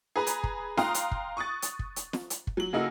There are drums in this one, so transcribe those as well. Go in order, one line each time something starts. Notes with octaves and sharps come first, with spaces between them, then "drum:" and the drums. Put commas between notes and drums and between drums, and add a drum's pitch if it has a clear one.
G#4 B4 A#5 B5
drum: hi-hat
drum: kick
F5 G5 A#5 C6 D#6 F#6, drum: snare
drum: hi-hat
drum: kick
C#6 D#6 F#6 A6
drum: hi-hat
drum: kick
drum: hi-hat
drum: snare
drum: hi-hat
drum: kick
F#3 F#7
C#3 A#3 D#4 E4 F#4 A4